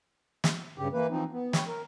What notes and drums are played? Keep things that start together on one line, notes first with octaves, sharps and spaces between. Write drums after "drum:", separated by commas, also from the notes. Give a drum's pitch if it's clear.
drum: snare
G2 C#3 G4
E3 A#3 B4
E3 F3 C4 D#4
B3
B4 C#5 G5, drum: snare
A#4